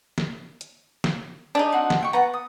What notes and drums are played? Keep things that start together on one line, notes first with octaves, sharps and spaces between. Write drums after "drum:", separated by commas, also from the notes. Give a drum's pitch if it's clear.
drum: snare
drum: hi-hat
drum: snare
D4 D#4 G4 G#4
C4 F#4
drum: snare
E5 G5 C#6
B3 F#5 A5 A#5
D#6